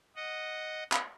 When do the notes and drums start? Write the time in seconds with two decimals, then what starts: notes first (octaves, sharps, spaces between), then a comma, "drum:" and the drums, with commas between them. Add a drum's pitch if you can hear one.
0.16 D#5 F#5
0.92 drum: clap